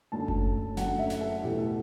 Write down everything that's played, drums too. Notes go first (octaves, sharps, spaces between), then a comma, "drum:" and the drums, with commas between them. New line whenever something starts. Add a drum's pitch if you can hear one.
F#2 D3 F#3 A3 A5
drum: kick F#1
F#2 D3 F#3 A3 F#5, drum: snare
E5
drum: snare
A4
E2 B2 A3 G4
A4